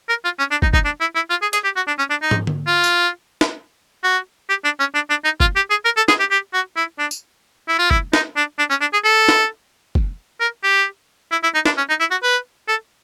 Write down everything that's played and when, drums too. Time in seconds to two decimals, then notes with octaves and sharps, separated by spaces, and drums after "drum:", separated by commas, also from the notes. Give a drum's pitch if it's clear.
0.09 A#4
0.24 F4
0.39 C#4
0.51 D4
0.62 D#4, drum: kick
0.73 D#4, drum: kick
0.85 D4
1.01 E4
1.15 E4
1.30 F4
1.42 G#4
1.53 G#4, drum: hi-hat
1.64 G4
1.76 F#4
1.88 D4
1.98 C#4
2.10 D4
2.22 D#4
2.31 drum: tom
2.47 drum: tom D3
2.67 F4
2.84 drum: tambourine
3.41 drum: snare
4.04 F#4
4.49 G4
4.65 D4
4.80 C#4
4.95 D4
5.10 D4
5.24 D#4
5.40 F4, drum: kick
5.56 G4
5.70 G#4
5.85 A#4
5.97 A4
6.08 G#4, drum: snare
6.20 G4
6.31 G4
6.54 F#4
6.76 E4
6.99 D4
7.11 drum: tambourine
7.68 E4
7.79 F4
7.91 E4, drum: kick
8.13 D#4, drum: snare
8.36 D4
8.59 D4
8.70 C#4
8.81 D4
8.93 G#4
9.04 A4
9.29 drum: snare
9.95 drum: kick
10.40 A#4
10.64 G4
11.32 E4
11.43 E4
11.55 D#4
11.66 D4, drum: snare
11.77 C#4
11.89 D#4
12.00 E4
12.11 F#4
12.23 B4
12.68 A4